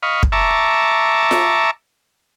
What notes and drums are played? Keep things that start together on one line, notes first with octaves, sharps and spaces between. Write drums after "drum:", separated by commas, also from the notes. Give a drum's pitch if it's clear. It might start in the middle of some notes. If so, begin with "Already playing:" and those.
D#5 F5 B5 C#6
drum: kick
E5 A5 A#5 C#6 D6
drum: snare F4